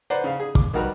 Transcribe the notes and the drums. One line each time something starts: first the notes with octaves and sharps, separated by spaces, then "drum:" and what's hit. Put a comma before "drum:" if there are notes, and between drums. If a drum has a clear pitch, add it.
B4 C5 D5 F#5 A#5
C#3 F5
G#4
D6, drum: kick
D#3 G3 F#4 A#4 B4